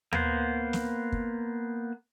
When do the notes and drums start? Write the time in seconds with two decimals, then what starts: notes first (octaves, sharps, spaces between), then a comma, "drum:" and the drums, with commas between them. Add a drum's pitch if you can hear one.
0.13 A#3 B3 C5, drum: tom
0.73 drum: snare
1.12 drum: kick